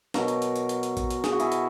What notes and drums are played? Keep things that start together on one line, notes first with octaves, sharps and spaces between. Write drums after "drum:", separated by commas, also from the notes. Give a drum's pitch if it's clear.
B2 F#3 F#4 A#4, drum: snare D4
drum: hi-hat
drum: hi-hat
drum: hi-hat
drum: hi-hat
drum: hi-hat
drum: kick A1, hi-hat
drum: hi-hat
G#4, drum: snare D4
F#4
E4 G#4, drum: hi-hat
drum: hi-hat